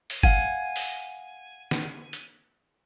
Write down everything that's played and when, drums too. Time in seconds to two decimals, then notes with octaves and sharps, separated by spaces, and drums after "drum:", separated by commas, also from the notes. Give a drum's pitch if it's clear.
0.10 drum: open hi-hat
0.23 F5 F#5 G#5, drum: kick G1
0.76 drum: open hi-hat
1.71 drum: snare
2.13 drum: hi-hat